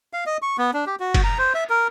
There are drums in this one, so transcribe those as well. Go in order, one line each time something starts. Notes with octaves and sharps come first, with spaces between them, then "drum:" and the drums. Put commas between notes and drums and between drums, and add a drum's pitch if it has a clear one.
F5
D#5
C#6
B3
D4
G4
F#4
drum: kick, cymbal
A#5
C5
E5
A#4